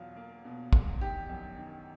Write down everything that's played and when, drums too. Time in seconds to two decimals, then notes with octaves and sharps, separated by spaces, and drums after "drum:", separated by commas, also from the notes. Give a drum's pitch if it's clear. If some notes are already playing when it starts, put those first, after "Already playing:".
Already playing: E2 B2 F#3 F4
0.16 A#3
0.45 B2
0.73 E2, drum: kick
1.01 D#3 G4
1.29 F#2
1.57 D#3